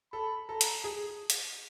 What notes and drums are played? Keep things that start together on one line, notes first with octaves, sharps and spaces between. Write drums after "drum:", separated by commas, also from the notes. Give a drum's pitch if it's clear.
A4 B5
A4 A#5
drum: hi-hat
G#4
drum: hi-hat